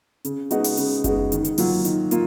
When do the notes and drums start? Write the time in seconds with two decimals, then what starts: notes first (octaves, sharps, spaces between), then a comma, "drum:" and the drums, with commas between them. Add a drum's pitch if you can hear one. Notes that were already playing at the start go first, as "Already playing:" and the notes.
0.25 C#3, drum: hi-hat
0.51 G#3 B3 D#4 F#4, drum: hi-hat
0.64 drum: open hi-hat
0.77 C#3, drum: hi-hat
1.04 G#3 B3 D#4 F#4, drum: kick F#1, hi-hat
1.32 D#3, drum: hi-hat
1.45 drum: hi-hat
1.58 F#3 A#3 F4, drum: open hi-hat
1.85 D#3, drum: hi-hat
2.11 A#3 F4, drum: hi-hat